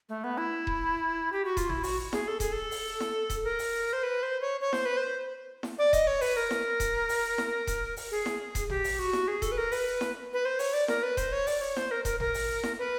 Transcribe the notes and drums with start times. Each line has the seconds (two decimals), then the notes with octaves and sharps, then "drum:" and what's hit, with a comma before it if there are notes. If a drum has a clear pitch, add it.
0.09 A3
0.24 B3
0.37 E4
0.67 drum: kick D#1
1.32 G4
1.45 F#4
1.57 F4, drum: kick D#1, hi-hat
1.69 E4, drum: tom
1.83 F#4, drum: open hi-hat
2.13 G#4, drum: snare E4
2.28 A4
2.40 G#4, drum: kick D#1, hi-hat
2.52 A4
2.71 drum: open hi-hat
3.00 drum: snare E4
3.30 drum: kick D#1, hi-hat
3.44 A#4
3.59 drum: open hi-hat
3.93 C5
4.03 B4
4.23 C5
4.41 C#5
4.61 C#5
4.73 C5, drum: snare E4
4.85 B4
4.97 C5
5.63 drum: snare E4
5.78 D5
5.93 D#5, drum: kick D#1, hi-hat
6.07 C#5
6.21 B4, drum: open hi-hat
6.36 A#4
6.51 drum: snare E4
6.80 drum: kick D#1, hi-hat
7.09 drum: open hi-hat
7.38 drum: snare E4
7.67 drum: kick D#1, hi-hat
7.97 drum: open hi-hat
8.11 G#4
8.26 drum: snare E4
8.55 drum: kick D#1, hi-hat
8.70 G4, drum: tom
8.84 drum: open hi-hat
8.99 F#4
9.13 drum: snare E4
9.28 G#4
9.42 A4, drum: kick D#1, hi-hat
9.52 B4
9.58 A#4
9.72 B4, drum: open hi-hat
10.01 drum: snare E4
10.33 B4
10.45 C5
10.59 C#5, drum: open hi-hat
10.73 D5
10.88 A#4, drum: snare E4
11.03 B4
11.17 C5, drum: kick D#1, hi-hat
11.32 C#5
11.47 D5, drum: open hi-hat
11.61 C#5
11.76 C5, drum: snare E4
11.91 A#4
12.05 A#4, drum: kick D#1, hi-hat
12.20 A#4, drum: tom
12.34 drum: open hi-hat
12.63 drum: snare E4
12.79 B4